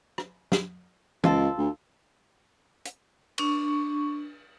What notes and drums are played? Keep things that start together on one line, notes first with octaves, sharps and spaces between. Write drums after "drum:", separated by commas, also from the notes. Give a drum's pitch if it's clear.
drum: rim click
drum: snare
C#2 C4 F4 A4, drum: tom
D2
drum: hi-hat
D4 C#6, drum: cymbal